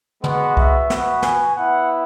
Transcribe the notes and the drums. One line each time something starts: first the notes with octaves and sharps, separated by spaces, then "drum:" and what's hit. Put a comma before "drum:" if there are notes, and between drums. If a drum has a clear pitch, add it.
G#3 B3 F#4 F#5, drum: tom
E5, drum: kick C2
B3 F#4, drum: snare
G#5, drum: snare
B3 E4 F#5